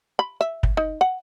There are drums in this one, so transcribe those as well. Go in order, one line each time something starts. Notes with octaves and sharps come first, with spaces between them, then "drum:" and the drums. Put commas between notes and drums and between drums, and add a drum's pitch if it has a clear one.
B5
E5
drum: kick
D#4
F#5